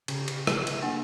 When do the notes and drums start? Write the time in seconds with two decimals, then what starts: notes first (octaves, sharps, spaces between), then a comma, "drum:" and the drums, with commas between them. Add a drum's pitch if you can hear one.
0.08 C#3 G4, drum: cymbal
0.28 drum: cymbal
0.47 drum: rim click
0.67 drum: cymbal
0.82 A#3 D4 F#5